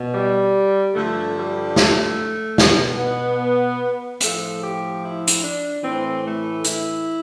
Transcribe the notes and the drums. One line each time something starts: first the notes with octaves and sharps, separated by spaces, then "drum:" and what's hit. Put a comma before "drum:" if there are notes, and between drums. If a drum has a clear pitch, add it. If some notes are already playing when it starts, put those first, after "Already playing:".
Already playing: B2
G3
G2 D3 F3 A3
G3
A3, drum: snare
B2, drum: snare
B3
A2 F3 A4, drum: hi-hat
G4
E4
drum: hi-hat
D4
A2 E3 C4
A3
E4, drum: hi-hat